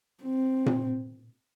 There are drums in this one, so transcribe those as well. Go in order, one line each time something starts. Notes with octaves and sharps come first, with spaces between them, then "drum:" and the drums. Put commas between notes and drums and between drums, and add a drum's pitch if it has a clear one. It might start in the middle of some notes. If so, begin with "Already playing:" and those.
C4
drum: tom A#2